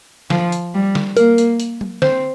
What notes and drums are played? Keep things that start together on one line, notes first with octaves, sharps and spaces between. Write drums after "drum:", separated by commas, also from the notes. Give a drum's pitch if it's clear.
F3, drum: snare
drum: hi-hat
G3
drum: snare
A#3 A#4, drum: hi-hat
drum: hi-hat
drum: hi-hat
drum: tom F#3
C4 C5, drum: snare